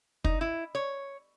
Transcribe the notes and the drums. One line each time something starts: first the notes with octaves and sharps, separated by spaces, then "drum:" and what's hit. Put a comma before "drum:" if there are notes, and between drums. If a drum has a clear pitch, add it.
D#4, drum: kick
E4
C#5